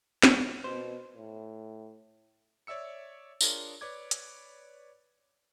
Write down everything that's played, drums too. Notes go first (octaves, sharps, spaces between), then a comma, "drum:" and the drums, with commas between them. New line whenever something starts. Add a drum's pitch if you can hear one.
drum: snare
B2 C5
A2
C#5 D5 E5 E6 C#7
D4 F4 G#4 A#4 C#5, drum: tambourine
B4 C#5 D5 D6 G#6
drum: hi-hat